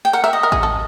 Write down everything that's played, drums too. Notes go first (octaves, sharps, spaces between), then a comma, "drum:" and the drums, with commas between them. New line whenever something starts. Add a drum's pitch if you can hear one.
G5
A#4 F#5
A#4 E5
D#5
A#4
G#4, drum: kick A1
A4